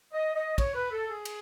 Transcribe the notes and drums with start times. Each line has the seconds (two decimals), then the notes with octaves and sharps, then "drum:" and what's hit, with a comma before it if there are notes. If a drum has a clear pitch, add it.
0.13 D#5
0.35 D#5
0.58 C#5, drum: kick, cymbal
0.75 B4
0.92 A4
1.09 G#4
1.25 drum: cymbal